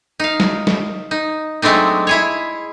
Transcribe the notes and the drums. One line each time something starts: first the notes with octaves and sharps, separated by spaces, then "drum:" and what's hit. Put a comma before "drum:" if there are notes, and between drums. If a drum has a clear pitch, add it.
D#4 F5
drum: snare
drum: snare
D#4
F#3 G#3 A3 C4 D4 D#4
E4 G#4 C#5